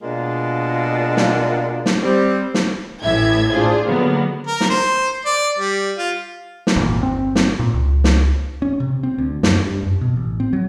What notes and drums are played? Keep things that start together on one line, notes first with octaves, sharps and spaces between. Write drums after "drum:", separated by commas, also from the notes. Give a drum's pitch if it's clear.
B2 G#3 A#3 D4 F4
drum: snare
drum: snare
G3 C4
drum: snare
A1 A2 E3 E5 G#6
D4 F4 G#4 C5
D3 F#3 A#3 B3
A#4
drum: snare
C5
D5
G3
F4
drum: snare
G#1 E2 A#2
G1 C4
drum: snare
A#2
C#2
drum: snare
C#4
C3
C4
D2
F#2, drum: snare
G2
F#2
B2
A1
C4
F#3